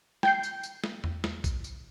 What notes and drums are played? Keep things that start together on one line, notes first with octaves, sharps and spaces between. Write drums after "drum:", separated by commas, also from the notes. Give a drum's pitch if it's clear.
G5 G6 C7, drum: snare
drum: tambourine
drum: tambourine
drum: snare
drum: tom E2
drum: snare
drum: kick A#1, tambourine
drum: tambourine